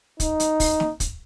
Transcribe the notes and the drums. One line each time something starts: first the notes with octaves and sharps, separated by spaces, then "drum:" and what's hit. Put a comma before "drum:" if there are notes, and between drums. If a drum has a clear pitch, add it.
D#4, drum: kick, hi-hat
drum: hi-hat
drum: kick, open hi-hat
drum: snare
drum: kick, hi-hat